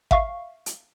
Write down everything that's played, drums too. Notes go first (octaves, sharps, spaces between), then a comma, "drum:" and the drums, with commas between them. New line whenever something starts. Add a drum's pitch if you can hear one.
E5 F5 C#6, drum: kick G#1
drum: hi-hat